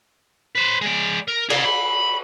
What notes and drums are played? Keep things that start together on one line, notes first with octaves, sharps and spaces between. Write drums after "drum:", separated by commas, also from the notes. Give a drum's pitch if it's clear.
B4 C5
G#3 D5
A#4
G#4 F5, drum: cymbal
B5